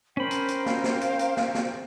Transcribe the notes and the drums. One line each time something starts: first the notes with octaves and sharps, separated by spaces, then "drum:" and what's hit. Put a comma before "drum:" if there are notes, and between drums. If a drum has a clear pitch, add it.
C#4 A#4 C5 G5 B5
drum: hi-hat
drum: hi-hat
F5, drum: snare
drum: snare
drum: hi-hat
drum: hi-hat
drum: snare
drum: snare